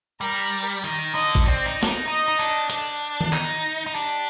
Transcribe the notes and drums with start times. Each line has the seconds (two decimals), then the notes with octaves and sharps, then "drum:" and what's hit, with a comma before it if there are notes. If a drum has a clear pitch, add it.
0.21 G3 A#4
0.84 D#3
1.14 D3 D#5
1.35 drum: kick G#1
1.46 C4 D5
1.66 D#4
1.83 D4, drum: snare
1.88 D#4
2.08 D#4 D#5
2.28 D#4
2.40 D4, drum: cymbal
2.70 D4, drum: hi-hat
3.21 drum: tom D#3
3.33 D#4, drum: clap
3.87 D#4
3.94 D4 G4